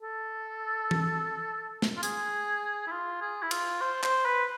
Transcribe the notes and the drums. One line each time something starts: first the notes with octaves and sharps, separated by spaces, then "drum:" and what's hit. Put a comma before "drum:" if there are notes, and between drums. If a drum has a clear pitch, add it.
A4
drum: tom E3
drum: snare
F4
G#4, drum: hi-hat
E4
F4
G#4
E4
F4, drum: cymbal
C5
C5, drum: clap
B4